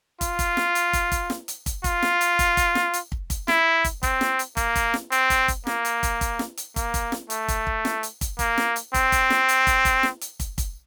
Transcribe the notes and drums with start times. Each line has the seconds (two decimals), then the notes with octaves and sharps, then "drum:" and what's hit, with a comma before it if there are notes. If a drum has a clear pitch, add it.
0.21 F4, drum: kick, hi-hat
0.39 drum: kick, hi-hat
0.57 drum: snare
0.75 drum: hi-hat
0.93 drum: kick, hi-hat
1.12 drum: kick, hi-hat
1.30 drum: snare
1.48 drum: hi-hat
1.66 drum: kick, hi-hat
1.84 F4, drum: kick, hi-hat
2.03 drum: snare
2.21 drum: hi-hat
2.39 drum: kick, hi-hat
2.57 drum: kick, hi-hat
2.75 drum: snare
2.94 drum: hi-hat
3.12 drum: kick
3.30 drum: kick, hi-hat
3.48 E4, drum: snare
3.84 drum: kick, hi-hat
4.03 C4, drum: kick, hi-hat
4.21 drum: snare
4.39 drum: hi-hat
4.57 A#3, drum: kick, hi-hat
4.75 drum: kick, hi-hat
4.94 drum: snare
5.12 C4, drum: hi-hat
5.30 drum: kick, hi-hat
5.48 drum: kick, hi-hat
5.67 A#3, drum: snare
5.85 drum: hi-hat
6.03 drum: kick, hi-hat
6.21 drum: kick, hi-hat
6.39 drum: snare
6.57 drum: hi-hat
6.76 A#3, drum: kick, hi-hat
6.94 drum: kick, hi-hat
7.12 drum: snare
7.30 A3, drum: hi-hat
7.48 drum: kick, hi-hat
7.67 drum: kick
7.85 drum: snare
8.03 drum: hi-hat
8.21 drum: kick, hi-hat
8.39 A#3, drum: kick, hi-hat
8.58 drum: snare
8.76 drum: hi-hat
8.94 C4, drum: kick, hi-hat
9.12 drum: kick, hi-hat
9.30 drum: snare
9.49 drum: hi-hat
9.67 drum: kick, hi-hat
9.85 drum: kick, hi-hat
10.03 drum: snare
10.21 drum: hi-hat
10.40 drum: kick, hi-hat
10.58 drum: kick, hi-hat